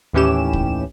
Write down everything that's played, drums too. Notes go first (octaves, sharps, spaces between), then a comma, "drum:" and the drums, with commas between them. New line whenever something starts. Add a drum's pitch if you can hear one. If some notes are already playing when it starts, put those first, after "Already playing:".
D#2 A2 E3 C#4 G4 E7
drum: kick